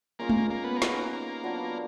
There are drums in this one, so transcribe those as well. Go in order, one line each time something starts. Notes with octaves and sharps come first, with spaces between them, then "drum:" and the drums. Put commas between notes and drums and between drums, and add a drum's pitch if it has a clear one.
G#3 A#3 C#4 F4 G#4
drum: tom G#3
A#3
B3
A#3
B3 D#4 G#4 B4, drum: snare
A#3
F#3 B3 D4 F4